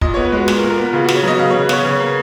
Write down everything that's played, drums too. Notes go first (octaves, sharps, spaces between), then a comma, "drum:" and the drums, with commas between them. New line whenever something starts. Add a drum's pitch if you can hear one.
A#2 D#5, drum: kick
B3 C#5
B4
G#3 F#4
A#2, drum: snare
A#4
A#2
A#4
B3
C#3 F4
F#4
B3, drum: snare
C#5
F#3 D#5
C#3 F5
C#5
C#3
B4
B3 C#5, drum: snare
C#3
A#3